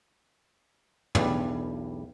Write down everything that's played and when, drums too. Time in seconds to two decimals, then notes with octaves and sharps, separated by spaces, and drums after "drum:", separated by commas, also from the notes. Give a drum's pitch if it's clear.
1.15 B1 E2 G2 G3, drum: tom